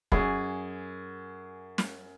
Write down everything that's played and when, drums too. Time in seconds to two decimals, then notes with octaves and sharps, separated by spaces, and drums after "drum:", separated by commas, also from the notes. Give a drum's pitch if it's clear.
0.12 F#2 G#4, drum: kick
1.78 drum: snare